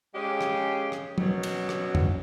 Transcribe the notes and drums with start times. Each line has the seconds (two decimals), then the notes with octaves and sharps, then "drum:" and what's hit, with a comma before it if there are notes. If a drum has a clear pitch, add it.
0.14 C#3 G#3 C#4 G4
0.41 drum: rim click
0.92 drum: rim click
1.18 F#2 B2 F#3, drum: tom
1.43 drum: cymbal
1.69 drum: rim click
1.95 drum: tom F2